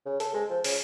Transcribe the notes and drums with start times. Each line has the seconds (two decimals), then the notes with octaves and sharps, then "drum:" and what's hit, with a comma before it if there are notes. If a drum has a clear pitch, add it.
0.06 C#3
0.20 A4, drum: hi-hat
0.34 G#3
0.50 F3
0.64 C#3, drum: open hi-hat